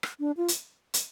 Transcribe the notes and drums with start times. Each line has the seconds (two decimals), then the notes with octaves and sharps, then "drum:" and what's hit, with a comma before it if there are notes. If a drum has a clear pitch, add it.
0.03 drum: rim click
0.20 D4
0.37 F4
0.48 drum: hi-hat
0.94 drum: hi-hat